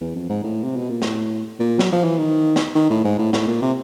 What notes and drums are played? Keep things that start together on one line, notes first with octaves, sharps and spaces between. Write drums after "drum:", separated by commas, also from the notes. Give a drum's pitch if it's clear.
E2
F2
G#2
A2
C3
B2
A#2
A2, drum: snare
A#2
F#3, drum: snare
F3
E3
D#3
drum: snare
D#3
A2
G#2
A2
A2, drum: snare
A#2
C3